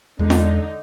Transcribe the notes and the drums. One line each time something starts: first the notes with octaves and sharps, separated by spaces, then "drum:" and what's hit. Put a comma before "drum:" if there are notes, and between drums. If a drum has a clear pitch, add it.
E2 D3 G#3 D#4
drum: snare